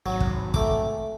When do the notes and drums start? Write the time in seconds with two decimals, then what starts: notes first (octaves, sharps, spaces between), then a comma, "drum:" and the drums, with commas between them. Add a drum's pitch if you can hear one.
0.06 G#1 F#3
0.20 drum: kick
0.54 A3 D6, drum: kick